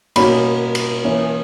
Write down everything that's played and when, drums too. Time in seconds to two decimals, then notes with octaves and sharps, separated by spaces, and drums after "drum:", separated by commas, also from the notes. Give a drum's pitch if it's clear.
0.16 B2 A#3 C#4 B5, drum: cymbal
0.75 drum: cymbal
1.04 E3 A#3 C#4